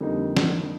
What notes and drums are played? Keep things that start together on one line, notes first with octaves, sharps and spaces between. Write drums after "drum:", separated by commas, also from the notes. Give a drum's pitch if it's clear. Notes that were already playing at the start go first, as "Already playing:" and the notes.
F2 D3 G3 A#3 D#4
drum: snare